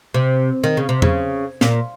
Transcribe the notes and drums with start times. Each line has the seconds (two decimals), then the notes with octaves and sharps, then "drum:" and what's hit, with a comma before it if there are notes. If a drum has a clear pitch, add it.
0.14 C3
0.64 D#3
0.77 C#3
0.89 C3
1.02 C#3, drum: tom E2
1.61 A#2, drum: snare